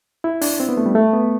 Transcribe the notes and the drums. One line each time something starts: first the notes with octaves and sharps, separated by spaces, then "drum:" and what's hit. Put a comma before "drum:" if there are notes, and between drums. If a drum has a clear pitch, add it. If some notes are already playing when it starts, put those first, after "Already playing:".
E4
D4, drum: open hi-hat
C4
B3
A3
G3
A3
B3